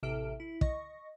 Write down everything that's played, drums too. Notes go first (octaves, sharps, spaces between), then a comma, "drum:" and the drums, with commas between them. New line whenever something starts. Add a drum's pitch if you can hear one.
A1 C3 A4 E5 F6 D7
E4
D#5 C#6 A#6, drum: kick